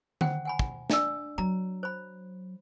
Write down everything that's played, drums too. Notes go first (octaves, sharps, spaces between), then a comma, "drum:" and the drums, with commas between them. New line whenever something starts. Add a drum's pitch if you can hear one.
C5 F#5 G5, drum: tom D3
F#5 G#5 B5
drum: kick
D4 D5 E6, drum: snare
F#3 A#5
C5 B5